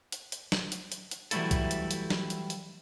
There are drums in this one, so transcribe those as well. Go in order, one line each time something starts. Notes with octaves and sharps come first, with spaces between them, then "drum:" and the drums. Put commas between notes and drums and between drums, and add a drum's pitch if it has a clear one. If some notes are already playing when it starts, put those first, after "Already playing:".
drum: hi-hat
drum: hi-hat
drum: snare
drum: hi-hat
drum: hi-hat
drum: hi-hat
E3 F#3 G3 A3 E4 A4, drum: hi-hat
drum: kick B1, hi-hat
drum: hi-hat
drum: hi-hat
drum: snare
drum: hi-hat
drum: hi-hat